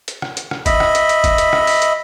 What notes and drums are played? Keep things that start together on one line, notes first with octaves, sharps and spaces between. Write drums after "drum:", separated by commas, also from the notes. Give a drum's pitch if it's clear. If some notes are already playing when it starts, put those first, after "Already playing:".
drum: hi-hat
drum: rim click
drum: hi-hat
drum: rim click
D#5 E5 B5, drum: kick, hi-hat
drum: rim click
drum: hi-hat
drum: hi-hat
drum: kick, hi-hat
drum: hi-hat
drum: rim click
drum: open hi-hat
drum: hi-hat